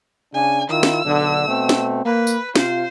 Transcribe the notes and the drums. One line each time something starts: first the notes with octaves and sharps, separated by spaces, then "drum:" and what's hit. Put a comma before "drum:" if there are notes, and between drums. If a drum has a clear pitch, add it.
C#3 D4 G#5
D#3 E4 F4 E6
drum: snare
B1 D3
B2 A3 C4
drum: snare
A#3 B4
drum: tambourine
C3 F4 C5, drum: snare